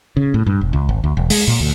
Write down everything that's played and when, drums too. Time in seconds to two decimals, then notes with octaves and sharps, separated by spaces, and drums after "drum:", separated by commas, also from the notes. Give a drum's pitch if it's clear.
0.17 C#3
0.34 A2
0.46 G2
0.61 E1
0.73 C#2
0.89 G#1
1.04 D2
1.17 E1
1.30 G#3, drum: open hi-hat
1.48 A#2
1.60 D2